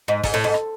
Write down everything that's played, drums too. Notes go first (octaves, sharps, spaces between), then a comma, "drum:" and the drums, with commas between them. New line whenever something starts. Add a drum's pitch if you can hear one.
G#2
G#2, drum: kick, open hi-hat
A2
G#2
drum: rim click